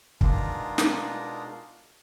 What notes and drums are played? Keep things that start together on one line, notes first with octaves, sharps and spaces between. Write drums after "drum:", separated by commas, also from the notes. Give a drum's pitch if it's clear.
B2 G#3 D4 D#4 F4 A#4, drum: kick
drum: snare